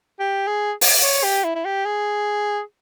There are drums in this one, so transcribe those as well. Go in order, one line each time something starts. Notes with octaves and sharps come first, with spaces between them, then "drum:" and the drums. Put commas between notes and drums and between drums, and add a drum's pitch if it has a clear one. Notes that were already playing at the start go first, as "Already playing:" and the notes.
G4
G#4
drum: open hi-hat
C#5
G4
E4
E4
G4
G#4